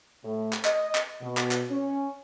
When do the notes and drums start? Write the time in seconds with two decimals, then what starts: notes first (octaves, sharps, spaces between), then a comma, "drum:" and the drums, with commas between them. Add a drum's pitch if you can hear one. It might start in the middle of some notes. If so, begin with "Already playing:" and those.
0.24 A2
0.53 drum: clap
0.65 D#5, drum: clap
0.95 drum: clap
1.22 B2
1.37 drum: clap
1.51 drum: clap
1.71 C#4